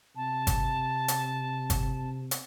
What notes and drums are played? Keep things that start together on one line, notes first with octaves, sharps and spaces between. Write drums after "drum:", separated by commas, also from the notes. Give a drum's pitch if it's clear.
C3 A5
drum: kick, hi-hat
drum: hi-hat
drum: kick, hi-hat
drum: hi-hat